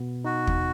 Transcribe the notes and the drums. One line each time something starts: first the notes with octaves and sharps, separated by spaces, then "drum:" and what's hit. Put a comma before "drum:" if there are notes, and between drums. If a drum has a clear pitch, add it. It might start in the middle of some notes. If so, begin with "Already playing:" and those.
Already playing: B2 B3
D#4 F#4
drum: kick